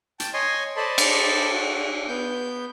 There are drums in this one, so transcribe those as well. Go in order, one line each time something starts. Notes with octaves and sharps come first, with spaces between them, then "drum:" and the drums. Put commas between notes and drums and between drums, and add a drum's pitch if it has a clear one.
G5 A5, drum: hi-hat
C#5 D#5 G#5 C6
A4 C5 D5 D#5 A5 B5
drum: cymbal
F#4
B3 G6